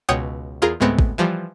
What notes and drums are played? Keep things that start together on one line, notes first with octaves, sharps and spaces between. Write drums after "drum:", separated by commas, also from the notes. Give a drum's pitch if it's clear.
C#2 B2 C#5 F#5 G5 D#6
E2 F4 G#4 A#4
D2 A2 G#3 B3 C4
drum: kick
E3 F3 G3